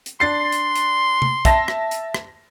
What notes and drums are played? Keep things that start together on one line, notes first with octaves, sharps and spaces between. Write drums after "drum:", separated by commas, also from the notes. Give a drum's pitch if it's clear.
drum: hi-hat
D4 C6 A6 C7
drum: hi-hat
drum: hi-hat
drum: tom C3
E5 A5 A#6, drum: kick, hi-hat
drum: rim click
drum: hi-hat
drum: rim click